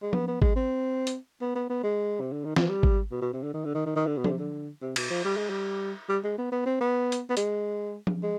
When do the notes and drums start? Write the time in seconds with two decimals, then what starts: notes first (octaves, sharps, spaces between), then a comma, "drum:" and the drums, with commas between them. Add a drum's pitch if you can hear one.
0.02 G#3
0.13 B3, drum: tom F3
0.28 B3
0.42 G#3, drum: kick G#1
0.56 C4
1.07 drum: hi-hat
1.41 B3
1.55 B3
1.70 B3
1.83 G#3
2.20 C3
2.32 D3
2.45 D#3
2.56 F3, drum: snare
2.69 G3
2.83 drum: kick G#1
3.11 B2
3.22 B2
3.33 C3
3.43 D3
3.54 D#3
3.65 D3
3.75 D#3
3.86 D#3
3.96 D#3
4.07 D3
4.18 B2
4.24 D3, drum: tom F3
4.28 C3
4.39 D3
4.82 C3
4.96 B2, drum: cymbal
5.10 F3
5.25 G3
5.37 G#3
5.50 G3
6.09 G3
6.24 G#3
6.38 B3
6.52 B3
6.66 C4
6.81 B3
7.12 drum: hi-hat
7.30 B3
7.37 G#3, drum: hi-hat
8.07 drum: tom F3
8.23 G#3